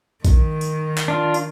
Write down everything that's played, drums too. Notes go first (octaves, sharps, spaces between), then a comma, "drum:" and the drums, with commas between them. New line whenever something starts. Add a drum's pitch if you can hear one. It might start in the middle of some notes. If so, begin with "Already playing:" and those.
D#3, drum: kick A#1, tambourine
drum: tambourine
drum: clap
D4 F4
drum: tambourine